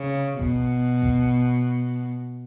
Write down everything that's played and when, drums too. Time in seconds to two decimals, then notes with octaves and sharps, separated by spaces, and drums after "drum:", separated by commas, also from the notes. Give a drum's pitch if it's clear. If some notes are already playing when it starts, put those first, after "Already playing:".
Already playing: C#3
0.39 B2, drum: kick G#1
1.02 drum: kick G#1